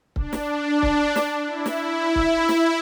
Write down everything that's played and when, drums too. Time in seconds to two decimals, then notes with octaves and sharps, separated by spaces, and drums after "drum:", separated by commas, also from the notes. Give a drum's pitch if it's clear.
0.16 D4, drum: kick C#1
0.33 drum: snare
0.82 drum: kick C#1
1.16 drum: snare
1.46 E4
1.66 drum: snare
2.16 drum: kick C#1
2.49 drum: snare